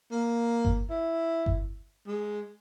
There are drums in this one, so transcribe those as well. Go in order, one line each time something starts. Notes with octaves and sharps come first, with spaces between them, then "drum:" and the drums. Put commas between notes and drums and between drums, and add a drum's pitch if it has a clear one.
A#3
drum: kick G1
E4
drum: kick G1
G#3